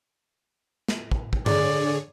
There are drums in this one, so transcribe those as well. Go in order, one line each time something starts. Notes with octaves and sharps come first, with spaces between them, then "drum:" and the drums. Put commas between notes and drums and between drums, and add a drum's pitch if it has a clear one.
drum: snare
drum: kick
drum: kick
D3 G#4 C#5 D5, drum: tom G2